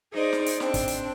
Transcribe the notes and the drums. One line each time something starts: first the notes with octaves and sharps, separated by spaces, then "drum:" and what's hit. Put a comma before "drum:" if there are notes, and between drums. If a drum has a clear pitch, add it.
D#4 G#4 C5 D5
drum: snare
drum: hi-hat
C4 D4, drum: snare
drum: kick, hi-hat
drum: hi-hat